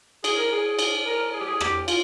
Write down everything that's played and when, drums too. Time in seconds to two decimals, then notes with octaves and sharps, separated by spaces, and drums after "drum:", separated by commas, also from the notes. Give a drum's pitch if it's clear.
0.24 G#4, drum: cymbal
0.38 A#4
0.52 G#4
0.79 drum: cymbal
1.06 A#4
1.33 G#4
1.41 G4
1.48 G#4
1.60 G4, drum: rim click
1.88 F4, drum: cymbal